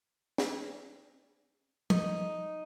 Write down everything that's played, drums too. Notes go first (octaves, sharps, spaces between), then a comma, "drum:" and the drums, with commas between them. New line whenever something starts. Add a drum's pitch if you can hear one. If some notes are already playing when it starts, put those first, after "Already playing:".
drum: snare
D#4, drum: tom